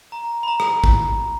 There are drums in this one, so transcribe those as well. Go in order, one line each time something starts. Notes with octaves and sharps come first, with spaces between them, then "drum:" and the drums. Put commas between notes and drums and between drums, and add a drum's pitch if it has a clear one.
A#5
B5
A#5
drum: rim click
drum: kick